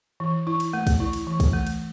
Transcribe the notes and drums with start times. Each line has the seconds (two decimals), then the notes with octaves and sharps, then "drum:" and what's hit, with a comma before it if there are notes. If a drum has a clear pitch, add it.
0.20 E3
0.47 E4
0.60 drum: cymbal
0.73 A3
0.87 drum: kick, cymbal
1.00 E4
1.13 drum: cymbal
1.27 E3
1.40 drum: kick, cymbal
1.53 A3
1.67 drum: cymbal